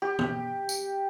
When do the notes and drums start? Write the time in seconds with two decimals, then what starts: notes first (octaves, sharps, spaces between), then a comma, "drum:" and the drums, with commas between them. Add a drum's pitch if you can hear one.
0.02 G4
0.19 drum: tom
0.69 drum: tambourine